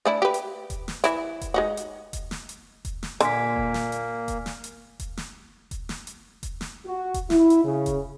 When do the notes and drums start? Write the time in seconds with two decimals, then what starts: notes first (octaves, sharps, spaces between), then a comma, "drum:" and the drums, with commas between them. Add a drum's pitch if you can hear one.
0.05 A3 D4 E4
0.22 G4 B4
0.34 drum: hi-hat
0.70 drum: kick E1, hi-hat
0.88 drum: snare
1.04 E3 E4, drum: hi-hat
1.41 drum: kick E1, hi-hat
1.54 G#3 D#4 F#4
1.77 drum: hi-hat
2.13 drum: kick E1, hi-hat
2.31 drum: snare
2.49 drum: hi-hat
2.85 drum: kick E1, hi-hat
3.03 drum: snare
3.20 A#2 D3 A#3 D5 G#5 B6, drum: hi-hat
3.56 drum: kick E1
3.74 drum: snare
3.92 drum: hi-hat
4.28 drum: kick E1, hi-hat
4.46 drum: snare
4.64 drum: hi-hat
5.00 drum: kick E1, hi-hat
5.17 drum: snare
5.71 drum: kick E1, hi-hat
5.89 drum: snare
6.07 drum: hi-hat
6.43 drum: kick E1, hi-hat
6.61 drum: snare
6.86 F#4
7.14 drum: kick E1, hi-hat
7.30 E4, drum: snare
7.50 drum: hi-hat
7.64 C#3
7.86 drum: kick E1, hi-hat